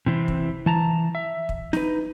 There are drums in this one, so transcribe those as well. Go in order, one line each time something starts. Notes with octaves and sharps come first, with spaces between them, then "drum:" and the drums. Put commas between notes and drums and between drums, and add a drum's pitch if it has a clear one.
C3 E3 C4
drum: kick
E3 A5 A#5
E5
drum: kick
D#4 B4, drum: snare